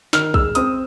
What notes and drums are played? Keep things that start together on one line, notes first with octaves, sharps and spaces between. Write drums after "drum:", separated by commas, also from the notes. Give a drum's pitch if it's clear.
D#3 F6, drum: snare
G#3 E6, drum: kick
C4 D#6, drum: hi-hat